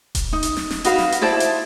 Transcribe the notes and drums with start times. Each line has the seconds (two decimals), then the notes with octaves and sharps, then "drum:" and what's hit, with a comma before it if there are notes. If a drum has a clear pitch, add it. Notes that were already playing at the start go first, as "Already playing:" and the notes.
0.15 drum: kick D#1, hi-hat
0.33 D#4
0.43 drum: hi-hat
0.57 drum: snare
0.70 drum: snare
0.84 D#4 F#4 B4 F5, drum: hi-hat
0.98 drum: snare
1.12 drum: hi-hat
1.21 E4 C5 D5 A5
1.40 drum: hi-hat